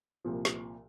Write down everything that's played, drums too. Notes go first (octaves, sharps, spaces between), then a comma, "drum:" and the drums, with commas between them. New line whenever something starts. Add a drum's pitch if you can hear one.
C2 A#2 F3
drum: snare